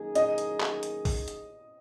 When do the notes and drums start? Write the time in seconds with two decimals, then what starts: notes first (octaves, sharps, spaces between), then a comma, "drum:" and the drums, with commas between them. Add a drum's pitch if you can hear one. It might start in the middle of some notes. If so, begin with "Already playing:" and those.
Already playing: F#2 D#3 A#3 D#4 G#4
0.15 D#5, drum: hi-hat
0.38 drum: hi-hat
0.60 drum: clap
0.83 drum: hi-hat
1.05 drum: kick, open hi-hat
1.28 drum: hi-hat